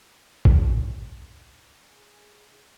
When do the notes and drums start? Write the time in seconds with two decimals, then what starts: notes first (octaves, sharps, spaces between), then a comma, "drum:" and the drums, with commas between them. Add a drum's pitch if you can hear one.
0.45 drum: kick
1.83 G#4